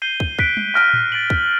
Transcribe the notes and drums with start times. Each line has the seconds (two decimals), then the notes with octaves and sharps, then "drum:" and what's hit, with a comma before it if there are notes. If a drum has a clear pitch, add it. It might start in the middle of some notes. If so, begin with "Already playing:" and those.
0.02 G6 C7 D#7 G7
0.20 drum: kick
0.39 F#6 B6 D7, drum: kick
0.57 drum: tom G3
0.75 F6 A#6 D7, drum: clap
0.94 drum: tom A2
1.12 A6 D7 F#7
1.30 drum: kick